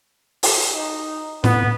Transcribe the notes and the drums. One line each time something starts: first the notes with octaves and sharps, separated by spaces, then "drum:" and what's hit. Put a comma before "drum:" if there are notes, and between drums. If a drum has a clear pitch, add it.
drum: open hi-hat
D#4
A2 B3, drum: snare